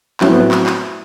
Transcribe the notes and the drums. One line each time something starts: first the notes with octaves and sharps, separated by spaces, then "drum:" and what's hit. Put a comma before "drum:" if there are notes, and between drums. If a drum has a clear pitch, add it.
A2 F#3 A3 C4 C#4, drum: clap
B3
drum: clap
drum: clap